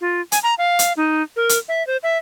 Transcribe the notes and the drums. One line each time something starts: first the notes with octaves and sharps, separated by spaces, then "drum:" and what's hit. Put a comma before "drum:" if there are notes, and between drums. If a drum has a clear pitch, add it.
F4
G#5, drum: hi-hat
A#5
F5
drum: hi-hat
D#4
A#4
drum: hi-hat
E5
C5
E5